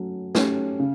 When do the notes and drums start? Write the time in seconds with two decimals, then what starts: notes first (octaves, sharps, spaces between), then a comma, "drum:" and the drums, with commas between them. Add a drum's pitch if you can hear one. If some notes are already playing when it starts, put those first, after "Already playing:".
Already playing: F#3 A3 C#4
0.35 A3 C#4 G4, drum: snare
0.79 C#3